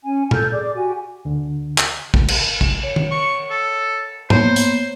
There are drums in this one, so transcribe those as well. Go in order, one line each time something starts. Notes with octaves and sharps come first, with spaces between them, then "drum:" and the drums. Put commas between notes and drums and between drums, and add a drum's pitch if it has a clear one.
C#4 G#5
A4 F6 G6, drum: tom A#2
G#4 D5 D6
F#4 G4 G#5
D2 D3
drum: clap
drum: kick
drum: cymbal
drum: kick
C#5
drum: tom
C#6
A4
A#3 B3 C5 C#5, drum: tom G#2
drum: hi-hat